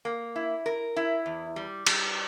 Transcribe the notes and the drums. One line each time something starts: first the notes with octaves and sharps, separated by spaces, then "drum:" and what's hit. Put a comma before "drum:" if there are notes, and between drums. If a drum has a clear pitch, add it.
A#3
E4
A#4
E4
E2
G3
G3, drum: cymbal